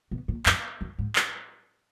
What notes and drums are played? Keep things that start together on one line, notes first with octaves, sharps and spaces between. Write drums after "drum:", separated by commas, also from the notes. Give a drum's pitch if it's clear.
B2
A#2
F#2, drum: clap
F#2
G#2
drum: clap